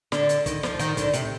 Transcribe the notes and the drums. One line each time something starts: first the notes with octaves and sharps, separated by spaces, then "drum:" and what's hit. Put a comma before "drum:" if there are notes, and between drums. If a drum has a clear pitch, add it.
D3, drum: snare
drum: hi-hat
D#3, drum: kick, hi-hat
F3, drum: snare
D#3, drum: hi-hat
D3, drum: kick, hi-hat
C3, drum: hi-hat